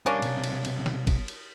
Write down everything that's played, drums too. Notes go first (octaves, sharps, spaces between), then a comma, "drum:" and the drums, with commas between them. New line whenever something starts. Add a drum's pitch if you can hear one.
G3 A#3 C#4 D4 A#4
B1 C3, drum: cymbal
drum: cymbal
drum: cymbal
drum: snare
drum: kick, cymbal
drum: cymbal